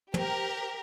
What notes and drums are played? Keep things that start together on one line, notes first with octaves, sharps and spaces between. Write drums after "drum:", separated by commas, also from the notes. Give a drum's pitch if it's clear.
G4 A#4 C5, drum: tom